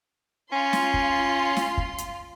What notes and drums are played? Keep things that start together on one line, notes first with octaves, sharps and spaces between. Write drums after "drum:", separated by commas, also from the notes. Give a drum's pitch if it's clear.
C#4 F4 C6
drum: snare
drum: kick
drum: snare
drum: kick
drum: hi-hat